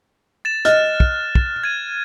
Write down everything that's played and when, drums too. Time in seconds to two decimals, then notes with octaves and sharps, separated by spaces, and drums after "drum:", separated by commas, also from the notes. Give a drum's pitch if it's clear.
0.45 A6 E7
0.65 D#5 F6 F#6 A6, drum: hi-hat
1.00 drum: kick
1.35 drum: kick
1.64 G#6 D#7